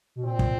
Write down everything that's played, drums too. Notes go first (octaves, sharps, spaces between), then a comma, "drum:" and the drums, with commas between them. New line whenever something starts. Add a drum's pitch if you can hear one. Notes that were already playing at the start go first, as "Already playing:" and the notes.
B2
A#2 C4
drum: kick